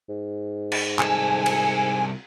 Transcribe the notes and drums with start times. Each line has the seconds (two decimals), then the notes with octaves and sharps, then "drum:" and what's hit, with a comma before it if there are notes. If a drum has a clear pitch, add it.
0.09 G#2
0.72 drum: cymbal
0.99 C2 A4 G#5, drum: clap
1.46 drum: cymbal